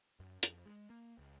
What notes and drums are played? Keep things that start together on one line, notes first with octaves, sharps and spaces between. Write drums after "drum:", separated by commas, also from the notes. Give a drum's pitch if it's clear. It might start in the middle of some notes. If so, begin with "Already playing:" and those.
F#2
F2, drum: hi-hat
G#3
A#3
C#2